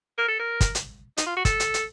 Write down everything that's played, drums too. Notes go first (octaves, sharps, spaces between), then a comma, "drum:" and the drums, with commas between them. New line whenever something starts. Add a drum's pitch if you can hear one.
A#4
A4
A#4
drum: kick, hi-hat
drum: hi-hat
D#4, drum: hi-hat
F4
F#4
A4, drum: kick, hi-hat
drum: hi-hat
drum: hi-hat